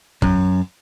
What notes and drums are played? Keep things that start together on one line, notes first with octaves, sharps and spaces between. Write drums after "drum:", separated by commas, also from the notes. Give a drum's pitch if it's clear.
F#2, drum: kick